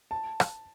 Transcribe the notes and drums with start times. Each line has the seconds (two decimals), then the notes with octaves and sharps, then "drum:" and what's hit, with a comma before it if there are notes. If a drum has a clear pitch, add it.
0.11 A5
0.40 drum: rim click